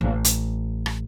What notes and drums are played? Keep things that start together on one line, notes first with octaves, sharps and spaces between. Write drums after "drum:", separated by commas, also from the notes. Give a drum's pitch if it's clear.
A1
drum: hi-hat
drum: rim click